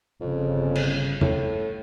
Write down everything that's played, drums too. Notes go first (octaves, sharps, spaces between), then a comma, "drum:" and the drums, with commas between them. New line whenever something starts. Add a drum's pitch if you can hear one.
G1 F2 C#3
drum: cymbal
A2, drum: tom